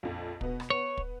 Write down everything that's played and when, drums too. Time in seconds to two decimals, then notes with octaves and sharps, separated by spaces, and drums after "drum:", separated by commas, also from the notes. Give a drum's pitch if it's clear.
0.03 A#1 F2
0.41 B2 B3, drum: kick
0.60 drum: rim click
0.70 B3 C#5
0.97 drum: kick